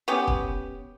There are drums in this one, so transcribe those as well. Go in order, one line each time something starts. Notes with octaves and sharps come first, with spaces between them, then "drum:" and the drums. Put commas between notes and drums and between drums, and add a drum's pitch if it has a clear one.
B3 C#4 G4
drum: kick